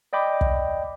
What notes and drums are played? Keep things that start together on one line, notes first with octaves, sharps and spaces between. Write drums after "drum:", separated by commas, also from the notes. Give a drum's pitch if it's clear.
D5 D#5 G5 B5 D6
drum: kick